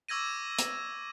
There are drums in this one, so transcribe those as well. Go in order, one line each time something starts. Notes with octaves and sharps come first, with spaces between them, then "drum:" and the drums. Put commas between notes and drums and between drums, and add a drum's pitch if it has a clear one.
C#6 D6 E6 G#6 A#6 D#7
drum: hi-hat